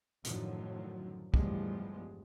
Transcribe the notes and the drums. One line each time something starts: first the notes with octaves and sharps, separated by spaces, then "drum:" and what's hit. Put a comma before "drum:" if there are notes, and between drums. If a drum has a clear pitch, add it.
F#2 A2 D3 D#3 F3 F#3, drum: hi-hat
G1 E2 A2 F3 G3 G#3, drum: kick